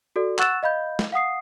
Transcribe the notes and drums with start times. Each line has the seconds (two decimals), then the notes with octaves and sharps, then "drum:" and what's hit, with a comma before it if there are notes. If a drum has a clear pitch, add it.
0.16 F#4 A4 D5
0.39 F#5 C#6 E6 F#6 A6 E7, drum: clap
0.63 D#5 F5 B5 G6
0.99 drum: snare
1.12 F5 F#5 D#6 C7